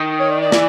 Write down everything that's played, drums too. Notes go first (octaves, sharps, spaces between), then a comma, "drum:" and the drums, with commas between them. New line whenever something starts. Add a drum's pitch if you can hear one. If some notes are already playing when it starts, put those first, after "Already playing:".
Already playing: D#3
C#5
D5
D5
E3, drum: snare